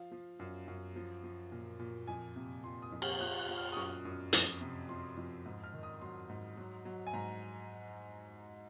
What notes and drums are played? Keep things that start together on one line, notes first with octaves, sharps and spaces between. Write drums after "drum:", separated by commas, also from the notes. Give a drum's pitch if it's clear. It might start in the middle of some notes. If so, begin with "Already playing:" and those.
Already playing: F3 F5
F3
F#2
F#2
F3
F3
A#2
A#2
F2 G#5
C3
F3 C6
D#6
F2
F6, drum: cymbal
F3 F#6
F#6
F3
F6
D#6
F#2 C#6
F#2
F2, drum: hi-hat
C3
F3 C6
F2
G#2
F6
D#3
D#6
F#3 C6
G#2
F#3
F#3
G#5
G#2 A#5